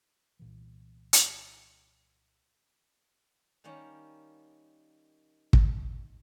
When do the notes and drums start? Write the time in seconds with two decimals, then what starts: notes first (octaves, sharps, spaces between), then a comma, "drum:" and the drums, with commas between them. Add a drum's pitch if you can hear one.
0.39 C2 A#2 E3
1.13 drum: hi-hat
3.64 D#3 G3 A#3 C#4
5.53 drum: kick